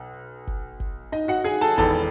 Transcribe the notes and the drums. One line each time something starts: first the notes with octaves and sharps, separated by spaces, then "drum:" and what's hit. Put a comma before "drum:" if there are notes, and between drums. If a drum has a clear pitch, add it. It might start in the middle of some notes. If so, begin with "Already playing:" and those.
Already playing: B1
drum: kick F#1
drum: kick F#1
D#4 D#5
F#4 F#5
G#4 G#5
A4 A5
E1 E2 D#3 A4 A5, drum: kick F#1